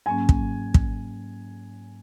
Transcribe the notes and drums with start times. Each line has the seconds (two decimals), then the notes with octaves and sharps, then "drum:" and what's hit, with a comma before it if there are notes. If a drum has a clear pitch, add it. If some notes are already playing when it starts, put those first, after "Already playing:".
0.06 G#2 F#3 A#3 C#4 G#5
0.29 drum: kick
0.74 drum: kick